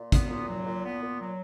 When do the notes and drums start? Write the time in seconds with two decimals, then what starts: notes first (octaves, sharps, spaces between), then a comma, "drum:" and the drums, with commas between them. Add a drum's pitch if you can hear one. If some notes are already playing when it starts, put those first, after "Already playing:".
Already playing: A#2
0.12 B3, drum: kick, hi-hat
0.29 A#2
0.48 F#3
0.66 A#2
0.84 B3
1.02 A#2
1.19 F#3